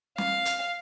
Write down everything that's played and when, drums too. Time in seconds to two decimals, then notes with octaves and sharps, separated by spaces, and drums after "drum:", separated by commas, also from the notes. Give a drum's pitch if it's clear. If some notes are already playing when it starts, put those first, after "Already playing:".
0.18 F5, drum: snare
0.45 drum: hi-hat